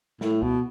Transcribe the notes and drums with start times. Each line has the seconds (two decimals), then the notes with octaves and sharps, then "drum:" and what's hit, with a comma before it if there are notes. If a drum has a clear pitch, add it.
0.21 A2, drum: snare
0.42 B2, drum: kick C#2